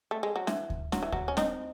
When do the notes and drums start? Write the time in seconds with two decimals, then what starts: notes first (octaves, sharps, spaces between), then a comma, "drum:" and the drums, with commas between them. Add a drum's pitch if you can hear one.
0.11 A3
0.23 G#3
0.36 F#3
0.47 E3, drum: snare
0.70 drum: kick D2
0.92 F#3, drum: snare
1.03 E3
1.12 F#3, drum: kick D2
1.28 C#4
1.37 C4 D#4, drum: snare